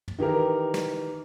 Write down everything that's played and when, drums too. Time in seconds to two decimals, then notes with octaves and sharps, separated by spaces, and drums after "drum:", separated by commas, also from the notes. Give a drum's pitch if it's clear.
0.08 drum: tom
0.18 D#3 E3 G4 A#4
0.74 drum: snare